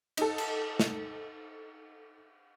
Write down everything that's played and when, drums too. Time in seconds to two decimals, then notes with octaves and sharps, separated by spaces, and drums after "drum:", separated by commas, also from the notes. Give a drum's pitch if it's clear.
0.17 D#4 A4, drum: cymbal
0.38 drum: cymbal
0.80 drum: snare